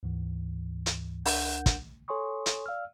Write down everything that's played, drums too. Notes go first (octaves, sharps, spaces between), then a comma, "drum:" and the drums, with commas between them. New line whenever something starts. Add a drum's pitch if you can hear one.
D2 G#2 E3
drum: hi-hat
C#2 D4 A#4 F#5 G6, drum: open hi-hat
drum: kick, hi-hat
A4 C#5 G#5 C6 C#6 D#6
drum: hi-hat
D5 F5 E6 F6